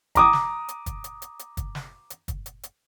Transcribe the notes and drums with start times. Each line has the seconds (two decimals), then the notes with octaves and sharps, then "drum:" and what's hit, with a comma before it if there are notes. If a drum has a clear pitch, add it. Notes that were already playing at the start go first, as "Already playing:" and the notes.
0.15 A#5 D6 D#6, drum: kick, hi-hat
0.33 drum: snare
0.69 drum: hi-hat
0.86 drum: kick, hi-hat
1.04 drum: hi-hat
1.22 drum: hi-hat
1.39 drum: hi-hat
1.57 drum: kick, hi-hat
1.75 drum: snare
2.10 drum: hi-hat
2.28 drum: kick, hi-hat
2.46 drum: hi-hat
2.63 drum: hi-hat